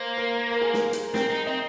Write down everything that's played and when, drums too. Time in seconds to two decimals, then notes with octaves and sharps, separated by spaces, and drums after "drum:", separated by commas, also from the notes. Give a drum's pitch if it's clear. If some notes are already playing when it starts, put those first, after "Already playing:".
Already playing: A#3 C5
0.18 A#4
0.50 A#4
0.62 G#4
0.74 A#4, drum: snare
0.93 drum: hi-hat
1.14 C4 A#4, drum: snare
1.30 D#4
1.46 C4 D#5